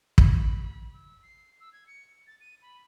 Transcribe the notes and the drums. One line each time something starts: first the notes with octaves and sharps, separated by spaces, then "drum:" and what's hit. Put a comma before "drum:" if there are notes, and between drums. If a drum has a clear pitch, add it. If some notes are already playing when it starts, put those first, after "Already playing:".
G#6, drum: kick
B5
B5
E6
C7
E6
G#6
C#7
A6
D#7
B5